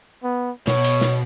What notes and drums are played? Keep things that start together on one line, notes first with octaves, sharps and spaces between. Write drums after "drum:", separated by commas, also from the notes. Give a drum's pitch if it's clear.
B3
B2 C#5, drum: snare
drum: cymbal
drum: snare